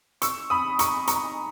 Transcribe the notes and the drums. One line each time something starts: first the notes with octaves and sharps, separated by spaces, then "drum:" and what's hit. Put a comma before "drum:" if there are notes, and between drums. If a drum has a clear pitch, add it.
C#6 E6, drum: hi-hat
B5 D#6
A#5 C#6, drum: hi-hat
A#5 C#6, drum: hi-hat